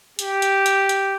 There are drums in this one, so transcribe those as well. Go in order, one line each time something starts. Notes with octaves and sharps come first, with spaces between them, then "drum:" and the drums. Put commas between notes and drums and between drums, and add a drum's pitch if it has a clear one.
G4, drum: hi-hat
drum: hi-hat
drum: hi-hat
drum: hi-hat